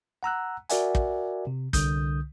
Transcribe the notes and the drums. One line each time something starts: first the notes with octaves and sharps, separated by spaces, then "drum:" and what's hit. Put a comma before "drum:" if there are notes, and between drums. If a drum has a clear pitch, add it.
F#5 A#5 E6 F#6
F#4 A#4 D5 E5 F#5 G#5, drum: hi-hat
drum: kick
C3
C2 D3 D#6 G6, drum: kick, hi-hat